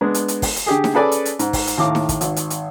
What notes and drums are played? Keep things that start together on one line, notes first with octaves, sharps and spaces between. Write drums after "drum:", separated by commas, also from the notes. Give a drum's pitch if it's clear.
G#3 B3 D4
drum: hi-hat
drum: hi-hat
drum: kick, open hi-hat
drum: hi-hat
D3 G4 G#4
drum: snare D#4
C#4 G#4 A4 B4 D5 G#5
drum: hi-hat
drum: hi-hat
G#2, drum: hi-hat
drum: kick, open hi-hat
drum: hi-hat
D#2 A2 F5 D6
drum: snare D#4
drum: kick, hi-hat
G#1, drum: hi-hat
drum: hi-hat
drum: hi-hat